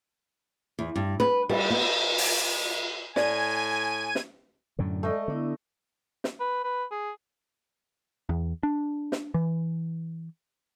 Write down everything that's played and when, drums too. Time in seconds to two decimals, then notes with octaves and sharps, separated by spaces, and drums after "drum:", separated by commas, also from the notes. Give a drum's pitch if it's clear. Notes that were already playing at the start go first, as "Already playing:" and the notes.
0.79 E2
0.96 G2
1.20 B4
1.49 G3, drum: cymbal
1.70 B3
2.18 drum: open hi-hat
3.16 A2 D5 G#5 G#6 D#7, drum: snare
4.15 drum: snare
4.79 F#2 A2 D3
5.03 G#3 A3 A4 D5 D#5
5.28 D3 B3 D4 E4
6.24 drum: snare
6.40 B4
6.64 B4
6.91 G#4
8.29 E2
8.63 D4
9.12 drum: snare
9.34 E3